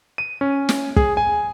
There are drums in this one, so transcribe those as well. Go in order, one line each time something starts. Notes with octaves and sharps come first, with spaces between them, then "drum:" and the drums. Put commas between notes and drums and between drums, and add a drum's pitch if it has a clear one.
D#7
C#4
drum: snare
G#4, drum: kick
G#5